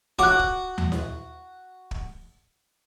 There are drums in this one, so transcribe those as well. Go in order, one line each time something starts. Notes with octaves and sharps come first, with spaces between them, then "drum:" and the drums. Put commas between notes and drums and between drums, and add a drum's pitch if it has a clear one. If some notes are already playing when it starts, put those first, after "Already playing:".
F#4 D6 F#6, drum: kick
drum: kick
drum: tom D#2
drum: snare E4
drum: kick